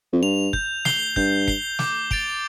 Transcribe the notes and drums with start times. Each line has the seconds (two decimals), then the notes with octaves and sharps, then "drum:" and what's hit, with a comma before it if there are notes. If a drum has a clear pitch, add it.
0.13 F2
0.22 G2 F7
0.53 G6, drum: kick
0.85 C7 G7, drum: snare
1.16 G2 G6, drum: kick
1.48 C7 G7, drum: kick
1.79 D6, drum: snare
2.11 A6 D7 F7, drum: kick